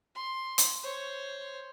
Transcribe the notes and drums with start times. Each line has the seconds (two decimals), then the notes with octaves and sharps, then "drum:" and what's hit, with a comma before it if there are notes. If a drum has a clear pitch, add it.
0.15 C6
0.58 drum: hi-hat
0.83 C5 C#5